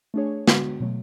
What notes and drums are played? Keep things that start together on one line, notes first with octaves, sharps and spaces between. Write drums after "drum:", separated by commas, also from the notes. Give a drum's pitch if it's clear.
A3 D4 G#4 C#5
D3 G#3 B3 F#4, drum: snare
B2 F#3 A3